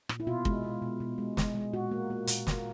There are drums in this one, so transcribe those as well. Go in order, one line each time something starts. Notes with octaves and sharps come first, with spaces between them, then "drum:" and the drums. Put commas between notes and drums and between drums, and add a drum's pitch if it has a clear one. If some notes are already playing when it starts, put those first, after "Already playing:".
A#2, drum: rim click
E4
B2 F4
G#3, drum: kick
B2
B2
B2
G#3
G#3, drum: snare
G#3
A#2 F#4
A#3
A#3
A#2, drum: hi-hat
A#3, drum: snare